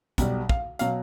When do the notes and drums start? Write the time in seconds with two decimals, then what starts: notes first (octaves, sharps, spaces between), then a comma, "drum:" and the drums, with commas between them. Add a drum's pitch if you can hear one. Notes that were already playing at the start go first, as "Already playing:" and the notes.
0.18 B1 B2 G3, drum: kick, hi-hat
0.49 F5, drum: kick
0.79 B2 F#3 F5, drum: hi-hat